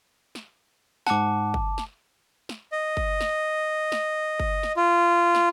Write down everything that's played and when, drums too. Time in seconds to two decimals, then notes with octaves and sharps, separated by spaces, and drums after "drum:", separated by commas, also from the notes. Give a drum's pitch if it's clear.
0.35 drum: snare
1.07 G#2 F#5 A5 D6, drum: snare
1.54 drum: kick G1
1.78 drum: snare
2.49 drum: snare
2.72 D#5
2.97 drum: kick G1
3.21 drum: snare
3.92 drum: snare
4.40 drum: kick G1
4.63 drum: snare
4.77 F4
5.35 drum: snare